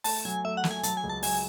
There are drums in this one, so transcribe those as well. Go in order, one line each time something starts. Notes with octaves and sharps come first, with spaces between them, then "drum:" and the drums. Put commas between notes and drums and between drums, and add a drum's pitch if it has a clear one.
A3 A5, drum: open hi-hat
F#3 G#5
A3 E5
F#5
A3, drum: snare
G#5
F#3 A5, drum: hi-hat
G#5
C#2
A5
F#3 G#5, drum: open hi-hat